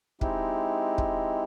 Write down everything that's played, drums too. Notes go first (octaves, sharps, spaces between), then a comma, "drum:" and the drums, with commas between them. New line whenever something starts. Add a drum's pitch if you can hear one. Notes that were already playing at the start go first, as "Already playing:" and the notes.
G#3 C4 D#4 E4 G4, drum: kick
drum: kick